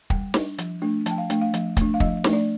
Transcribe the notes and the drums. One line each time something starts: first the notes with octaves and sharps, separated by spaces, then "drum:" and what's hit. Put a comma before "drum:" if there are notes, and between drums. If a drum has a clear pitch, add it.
G3 G5, drum: kick
D4, drum: snare
F3, drum: hi-hat
A3 D4
F3 A5, drum: hi-hat
G5
F5
A3 D4 G5, drum: hi-hat
F5
F3, drum: hi-hat
A3 D4, drum: kick, hi-hat
F5
F3 D#5, drum: kick
A3 D4, drum: snare
D5